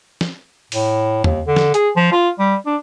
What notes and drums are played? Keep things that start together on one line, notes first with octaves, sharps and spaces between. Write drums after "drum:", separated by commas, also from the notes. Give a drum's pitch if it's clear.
drum: snare
A2, drum: open hi-hat
D#2, drum: tom E2
D3
drum: snare
G#4, drum: hi-hat
F3
F4
G3
D4